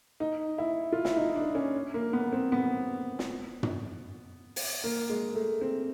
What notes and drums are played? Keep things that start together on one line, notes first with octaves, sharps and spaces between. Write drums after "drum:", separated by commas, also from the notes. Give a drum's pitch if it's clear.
D#4
E4
F4
E4, drum: snare
D#4
D4
C#4
A#3
B3
C4
B3
drum: snare
drum: tom
drum: open hi-hat
A#3
G#3
A3
C4